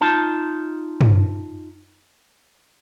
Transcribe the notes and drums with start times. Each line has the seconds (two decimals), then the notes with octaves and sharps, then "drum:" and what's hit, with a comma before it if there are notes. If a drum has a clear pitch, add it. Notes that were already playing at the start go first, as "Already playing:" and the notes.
0.01 D#4 F4 A5
1.01 drum: tom